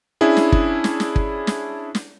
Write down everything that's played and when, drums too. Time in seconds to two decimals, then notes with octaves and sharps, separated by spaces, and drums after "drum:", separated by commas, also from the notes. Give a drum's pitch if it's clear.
0.21 C#4 D4 E4 G#4
0.37 drum: snare
0.52 drum: kick
0.84 drum: snare
1.00 drum: snare
1.16 drum: kick
1.47 drum: snare
1.95 drum: snare